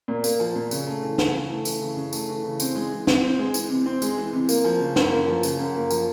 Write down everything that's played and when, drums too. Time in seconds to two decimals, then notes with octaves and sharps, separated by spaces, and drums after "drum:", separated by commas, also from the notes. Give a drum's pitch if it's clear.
0.08 A#2
0.24 A#3, drum: tambourine
0.40 F3
0.55 A#2
0.71 C#3, drum: tambourine
0.87 A3
1.03 E3
1.18 C#3, drum: snare
1.34 C#3
1.50 A3
1.65 E3, drum: tambourine
1.82 C#3
1.97 C#3
2.13 A3, drum: tambourine
2.29 E3
2.44 C#3
2.60 C4, drum: tambourine
2.75 G#3
2.91 E3
3.07 C3, drum: snare
3.23 C4
3.39 G#3
3.54 E3, drum: tambourine
3.70 C3
3.86 C4
4.02 G#3, drum: tambourine
4.17 E3
4.33 C3
4.49 A#3, drum: tambourine
4.64 F3
4.80 C#3
4.96 F#2, drum: snare
5.12 A#3
5.27 F3
5.43 C#3, drum: tambourine
5.59 F#2
5.75 A#3
5.90 F3, drum: tambourine